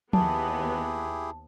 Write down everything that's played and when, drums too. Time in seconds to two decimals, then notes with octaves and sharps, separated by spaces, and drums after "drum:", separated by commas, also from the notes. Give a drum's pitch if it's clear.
0.13 D#2 B3 E4 G4 G#4 A5, drum: tom F3